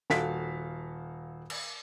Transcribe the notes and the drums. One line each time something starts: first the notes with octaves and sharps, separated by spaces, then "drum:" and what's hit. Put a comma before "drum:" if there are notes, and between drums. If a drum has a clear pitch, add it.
D#1 F#4 A4 F5 B6, drum: snare
drum: cymbal